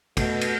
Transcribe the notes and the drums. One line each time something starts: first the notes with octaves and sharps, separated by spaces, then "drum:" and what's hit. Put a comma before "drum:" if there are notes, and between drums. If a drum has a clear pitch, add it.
B2 A3, drum: kick, cymbal
drum: cymbal